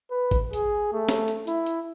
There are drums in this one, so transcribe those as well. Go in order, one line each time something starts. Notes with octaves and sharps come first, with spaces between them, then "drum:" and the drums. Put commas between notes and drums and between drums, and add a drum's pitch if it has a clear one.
B4
drum: kick A1, hi-hat
G#4, drum: hi-hat
A3
drum: snare
drum: hi-hat
E4, drum: hi-hat
drum: hi-hat